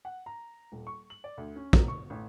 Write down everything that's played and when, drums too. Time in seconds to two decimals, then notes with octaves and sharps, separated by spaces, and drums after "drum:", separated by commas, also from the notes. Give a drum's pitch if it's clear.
0.05 F#5
0.26 A#5
0.72 D#1
0.87 C#6
1.10 F#7
1.24 D5
1.37 D2
1.56 C#4
1.73 A#4, drum: kick
1.88 C#6
2.10 A1